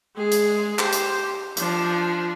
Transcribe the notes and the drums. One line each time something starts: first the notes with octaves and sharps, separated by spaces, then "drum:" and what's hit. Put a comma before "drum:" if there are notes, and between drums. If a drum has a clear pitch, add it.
G#3 G#4
drum: hi-hat
G4 C5, drum: clap
drum: hi-hat
F3 D4, drum: hi-hat